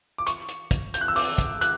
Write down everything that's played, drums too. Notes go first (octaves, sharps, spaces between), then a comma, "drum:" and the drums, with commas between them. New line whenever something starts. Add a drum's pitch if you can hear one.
D6
C#6, drum: hi-hat
drum: hi-hat
drum: kick, hi-hat
G6, drum: hi-hat
F#6
E6
D6, drum: open hi-hat
drum: kick, hi-hat
F#6, drum: hi-hat